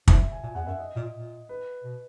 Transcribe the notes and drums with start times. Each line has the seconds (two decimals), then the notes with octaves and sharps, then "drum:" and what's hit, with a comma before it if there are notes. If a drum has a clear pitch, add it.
0.08 G#2 E5, drum: kick
0.32 G#5
0.43 A#2 G#5
0.55 E2 F#5
0.67 F#2 E5
0.78 D#5
0.96 A#2
1.14 A#2
1.49 B4
1.84 B2